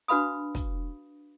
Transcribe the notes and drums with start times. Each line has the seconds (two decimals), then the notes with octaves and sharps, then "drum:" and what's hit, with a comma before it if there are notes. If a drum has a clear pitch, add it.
0.08 D4 F#4 B4 F5 B5 D#6
0.55 drum: kick, hi-hat